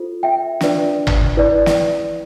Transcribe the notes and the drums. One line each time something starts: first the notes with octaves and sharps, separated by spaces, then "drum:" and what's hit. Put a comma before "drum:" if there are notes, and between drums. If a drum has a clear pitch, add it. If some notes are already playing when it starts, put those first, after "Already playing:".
Already playing: F4 A4 C5
E5 G5
D4 F4 B4 D5, drum: snare
drum: tom G1
E4 B4 D5
drum: snare